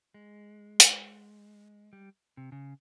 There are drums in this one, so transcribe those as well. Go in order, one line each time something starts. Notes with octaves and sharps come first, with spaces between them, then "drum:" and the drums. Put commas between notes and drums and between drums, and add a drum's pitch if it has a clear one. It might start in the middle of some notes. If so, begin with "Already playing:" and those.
G#3
drum: hi-hat
G3
C3
C#3